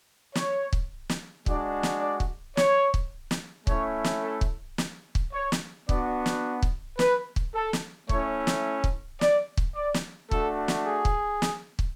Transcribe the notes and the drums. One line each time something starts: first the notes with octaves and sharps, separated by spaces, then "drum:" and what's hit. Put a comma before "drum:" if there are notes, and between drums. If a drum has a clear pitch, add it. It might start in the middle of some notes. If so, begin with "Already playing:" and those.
C#5, drum: snare
drum: kick
drum: snare
G#3 D4 F#4 D5, drum: kick
drum: snare
D5
drum: kick
C#5, drum: snare
drum: kick
drum: snare
A3 C#4 E4 C#5, drum: kick
drum: snare
A4
drum: kick
drum: snare
drum: kick
C#5
drum: snare
B3 D4 F#4 D5, drum: kick
drum: snare
drum: kick
B4, drum: snare
drum: kick
A4
drum: snare
A3 C#4 E4 C#5, drum: kick
drum: snare
drum: kick
D5, drum: snare
drum: kick
D5
drum: snare
A3 D4 F#4 A4, drum: kick
drum: snare
G#4
drum: kick
drum: snare
drum: kick